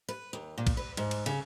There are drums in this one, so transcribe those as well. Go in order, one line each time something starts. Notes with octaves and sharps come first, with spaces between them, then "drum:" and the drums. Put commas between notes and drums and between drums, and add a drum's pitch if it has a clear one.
B4
D#2
A#2
drum: kick A#1, cymbal
B4
G#2, drum: cymbal
drum: cymbal
C#3, drum: cymbal